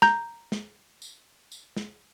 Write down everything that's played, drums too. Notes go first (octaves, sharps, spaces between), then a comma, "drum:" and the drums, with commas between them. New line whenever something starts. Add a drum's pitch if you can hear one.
A#5 G6, drum: snare
drum: snare
drum: tambourine
drum: tambourine
drum: snare